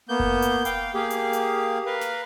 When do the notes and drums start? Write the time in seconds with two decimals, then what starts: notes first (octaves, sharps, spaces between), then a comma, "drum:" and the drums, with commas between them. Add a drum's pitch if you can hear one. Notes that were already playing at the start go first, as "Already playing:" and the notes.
0.09 A#3 B3 G6
0.20 drum: kick F#1
0.42 drum: hi-hat
0.65 F5 G5, drum: hi-hat
0.94 A#3 G4 G#4 F5
1.10 drum: hi-hat
1.33 drum: hi-hat
1.86 A#4 B4 F5
2.01 drum: snare